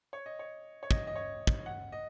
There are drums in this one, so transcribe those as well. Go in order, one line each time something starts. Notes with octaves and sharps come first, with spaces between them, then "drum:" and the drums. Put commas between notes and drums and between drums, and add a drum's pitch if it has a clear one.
C#5
D#5
C#5
C#5
D#5, drum: kick
D#5
C#5
drum: kick
F#5
D#5